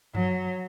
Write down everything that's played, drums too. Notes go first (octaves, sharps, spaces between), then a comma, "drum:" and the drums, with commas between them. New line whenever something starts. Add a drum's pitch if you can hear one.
F#3, drum: tom F#2